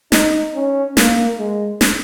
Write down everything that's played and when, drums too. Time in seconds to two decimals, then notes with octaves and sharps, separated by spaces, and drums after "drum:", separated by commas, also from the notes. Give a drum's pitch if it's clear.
0.12 D#4, drum: snare
0.54 C#4
0.97 A#3, drum: snare
1.39 G#3
1.81 drum: snare